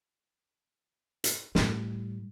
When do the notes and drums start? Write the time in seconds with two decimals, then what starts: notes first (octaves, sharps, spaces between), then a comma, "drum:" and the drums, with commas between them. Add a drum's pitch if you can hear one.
1.24 drum: hi-hat
1.55 A2 G3, drum: snare